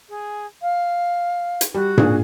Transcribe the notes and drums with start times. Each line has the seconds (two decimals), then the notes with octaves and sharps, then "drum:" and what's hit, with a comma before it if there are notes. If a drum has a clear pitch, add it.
0.09 G#4
0.62 F5
1.61 drum: hi-hat
1.74 G3 F#4
1.98 A#2 D4 G#4, drum: tom G#2